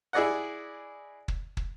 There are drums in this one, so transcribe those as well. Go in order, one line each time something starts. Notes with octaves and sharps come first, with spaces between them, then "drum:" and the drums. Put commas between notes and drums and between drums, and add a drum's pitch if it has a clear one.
E4 G#4 D5 D#5 F#5
drum: kick
drum: kick